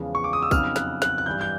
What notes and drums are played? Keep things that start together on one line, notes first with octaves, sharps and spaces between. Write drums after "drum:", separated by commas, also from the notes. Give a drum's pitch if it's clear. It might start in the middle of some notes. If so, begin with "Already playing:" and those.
Already playing: E2 C#3 F3 G#3
C#6
D6
D#6
E6
F2 C#3 F#3 B3 D#4 F6, drum: kick, tambourine
F#6, drum: snare
F#6, drum: snare
F#6
G2 E3 G3 G6
G6